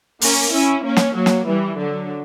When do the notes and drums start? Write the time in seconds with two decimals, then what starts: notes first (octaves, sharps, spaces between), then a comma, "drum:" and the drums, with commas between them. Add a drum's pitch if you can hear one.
0.21 A#3 C#4, drum: open hi-hat
0.53 C#4 E4
0.84 A#3 C#4
0.96 drum: snare
1.15 F#3 A#3
1.26 drum: snare
1.47 E3 G3
1.77 D3 F#3